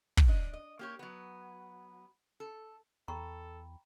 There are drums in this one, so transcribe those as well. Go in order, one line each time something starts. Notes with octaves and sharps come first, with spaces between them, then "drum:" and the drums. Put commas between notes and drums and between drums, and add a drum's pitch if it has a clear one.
drum: kick
D4 D#5
D#5
A#3 G4 C#5
F#3 B3
A4
E2 A4 G5 A#5 B5 C#6